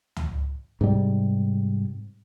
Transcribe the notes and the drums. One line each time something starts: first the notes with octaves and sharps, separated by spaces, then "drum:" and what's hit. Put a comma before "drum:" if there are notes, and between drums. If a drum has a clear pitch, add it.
drum: tom C#2
G#2 C3 G3